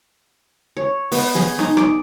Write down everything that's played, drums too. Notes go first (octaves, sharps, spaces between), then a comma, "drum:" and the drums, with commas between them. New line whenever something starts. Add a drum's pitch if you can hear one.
C#5
B3, drum: open hi-hat
G#4, drum: snare
D#4, drum: rim click
D5, drum: rim click